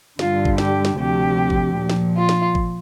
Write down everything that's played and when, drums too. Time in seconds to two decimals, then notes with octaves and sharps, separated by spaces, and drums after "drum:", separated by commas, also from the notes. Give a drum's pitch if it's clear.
0.19 G2 D3 G3 F4, drum: snare
0.45 drum: kick G#1
0.58 G4, drum: snare
0.85 drum: snare
0.97 D2 C3 F3 G4
1.50 drum: kick G#1
1.76 A#2 F3
1.89 drum: snare
2.16 F4
2.29 drum: snare
2.55 drum: kick G#1